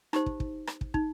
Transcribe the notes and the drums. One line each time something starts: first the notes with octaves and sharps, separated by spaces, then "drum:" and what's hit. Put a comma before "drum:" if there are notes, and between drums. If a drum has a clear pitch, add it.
D#4 G4 C5, drum: rim click
drum: kick
drum: kick
drum: rim click
drum: kick
D#4, drum: kick